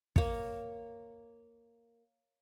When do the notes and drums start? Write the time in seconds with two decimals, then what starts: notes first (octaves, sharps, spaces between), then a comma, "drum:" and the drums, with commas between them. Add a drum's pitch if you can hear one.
0.16 A#3 C#5, drum: kick